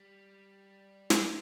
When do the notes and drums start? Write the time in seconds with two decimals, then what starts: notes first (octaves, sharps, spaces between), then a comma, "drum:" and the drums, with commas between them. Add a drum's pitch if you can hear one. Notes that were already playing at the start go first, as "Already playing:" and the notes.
Already playing: G3
1.10 B3, drum: snare